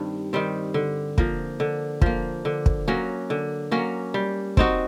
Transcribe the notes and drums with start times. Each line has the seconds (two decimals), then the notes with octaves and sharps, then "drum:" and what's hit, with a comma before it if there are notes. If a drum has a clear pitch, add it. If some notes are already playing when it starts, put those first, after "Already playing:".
Already playing: G2 D#3 G3 C4
0.33 D#3 G3 C4
0.74 D3
1.18 F3 A#3, drum: kick
1.60 D3
2.01 F3 A#3, drum: kick
2.45 D3
2.66 drum: kick
2.88 F#3 A#3 C#4
3.30 D3
3.71 F#3 A#3 C#4
4.14 G3
4.57 C4 D#4 F#4, drum: kick